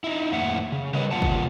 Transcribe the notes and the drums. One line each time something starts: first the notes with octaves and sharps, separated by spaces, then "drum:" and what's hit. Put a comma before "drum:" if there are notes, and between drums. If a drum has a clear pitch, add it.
D#4 E4
F2 A2 A#3 E5 F#5
C#3
G3 A#4 B4 C#5 D#5
C3 F3 A#3 F4 F#5 A5
drum: kick